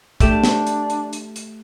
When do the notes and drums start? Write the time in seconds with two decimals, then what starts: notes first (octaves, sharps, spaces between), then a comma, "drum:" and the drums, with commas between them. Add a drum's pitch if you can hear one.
0.20 A3 D4 G4 E7, drum: kick, hi-hat
0.44 drum: snare
0.67 drum: hi-hat
0.90 drum: hi-hat
1.13 drum: hi-hat
1.36 drum: hi-hat